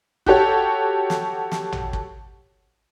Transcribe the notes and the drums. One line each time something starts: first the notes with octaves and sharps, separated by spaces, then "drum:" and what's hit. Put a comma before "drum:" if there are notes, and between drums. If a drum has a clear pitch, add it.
F#4 G4 A4 C#5 F#5, drum: kick
drum: snare
drum: snare
drum: tom A1
drum: kick